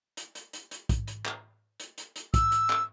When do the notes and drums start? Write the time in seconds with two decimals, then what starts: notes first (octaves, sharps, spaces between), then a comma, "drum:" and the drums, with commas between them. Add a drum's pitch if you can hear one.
0.17 drum: hi-hat
0.35 drum: hi-hat
0.53 drum: hi-hat
0.71 drum: hi-hat
0.89 drum: kick, hi-hat
1.07 drum: hi-hat
1.26 drum: clap
1.80 drum: hi-hat
1.98 drum: hi-hat
2.16 drum: hi-hat
2.34 E6, drum: kick, hi-hat
2.52 drum: hi-hat
2.70 drum: clap